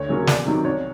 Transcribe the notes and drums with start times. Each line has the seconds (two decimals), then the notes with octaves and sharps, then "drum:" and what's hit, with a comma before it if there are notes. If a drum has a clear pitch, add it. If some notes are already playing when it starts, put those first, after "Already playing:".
Already playing: D2 C#5
0.08 C#3 F#3 A#3 C#4
0.27 E2 D5, drum: snare
0.46 C3 D#3 F#3
0.64 C2 C#5